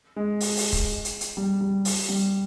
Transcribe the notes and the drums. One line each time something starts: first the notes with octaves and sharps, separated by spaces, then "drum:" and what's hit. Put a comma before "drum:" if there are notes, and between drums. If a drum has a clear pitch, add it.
G#3
drum: open hi-hat
drum: open hi-hat
drum: kick C#1, hi-hat
drum: hi-hat
drum: hi-hat
G3
G3
drum: open hi-hat
G3